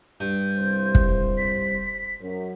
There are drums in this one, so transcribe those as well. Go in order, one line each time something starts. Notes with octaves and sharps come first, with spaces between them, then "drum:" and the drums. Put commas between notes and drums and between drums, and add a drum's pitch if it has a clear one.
G2 G6
C2 C5
drum: kick
B6
F#2